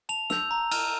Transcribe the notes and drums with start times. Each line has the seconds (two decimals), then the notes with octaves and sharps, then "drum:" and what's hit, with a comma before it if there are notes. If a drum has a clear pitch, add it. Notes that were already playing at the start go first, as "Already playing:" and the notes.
0.09 A5 F7
0.30 E6 G6 F7, drum: snare
0.51 A#5
0.71 F6, drum: cymbal